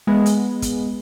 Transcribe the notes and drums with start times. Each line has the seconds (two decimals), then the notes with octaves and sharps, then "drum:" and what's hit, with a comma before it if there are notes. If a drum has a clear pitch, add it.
0.07 G#3 B3
0.26 drum: hi-hat
0.62 drum: kick, hi-hat